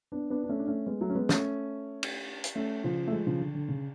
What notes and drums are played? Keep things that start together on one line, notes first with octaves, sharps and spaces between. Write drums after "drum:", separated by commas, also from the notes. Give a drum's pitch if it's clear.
B3 D4
B3 D4
D4
A3 C#4
D4
A3 C#4
G#3 B3
F#3 A3
C#4
G#3 B3
A3 C#4, drum: snare
drum: cymbal
drum: hi-hat
A3 C#4
C#3 F3
A3
F3 G#3
C#3 F3
D3
D3
C#3